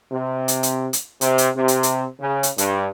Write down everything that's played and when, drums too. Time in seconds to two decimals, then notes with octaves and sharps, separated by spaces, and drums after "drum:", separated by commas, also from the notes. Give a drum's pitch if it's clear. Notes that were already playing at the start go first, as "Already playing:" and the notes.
0.12 C3
0.48 drum: hi-hat
0.63 drum: hi-hat
0.93 drum: hi-hat
1.21 C3, drum: hi-hat
1.38 drum: hi-hat
1.56 C3
1.68 drum: hi-hat
1.83 drum: hi-hat
2.20 C#3
2.43 drum: hi-hat
2.58 G2, drum: hi-hat